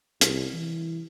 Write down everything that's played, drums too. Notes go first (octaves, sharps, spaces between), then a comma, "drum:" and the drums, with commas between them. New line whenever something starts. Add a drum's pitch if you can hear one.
C2, drum: hi-hat
E3